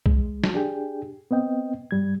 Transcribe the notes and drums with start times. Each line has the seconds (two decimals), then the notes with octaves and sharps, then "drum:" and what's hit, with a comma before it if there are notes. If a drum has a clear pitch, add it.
0.06 G#3, drum: kick
0.44 drum: snare
0.54 D4 G4 G#4 G5
1.31 B3 C4 D#5 G5
1.91 G2 G3 G#6